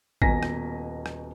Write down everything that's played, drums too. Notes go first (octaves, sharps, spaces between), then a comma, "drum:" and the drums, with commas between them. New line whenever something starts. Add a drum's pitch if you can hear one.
D#1 B2 G#5 A#5 A#6 B6, drum: kick
drum: rim click
drum: rim click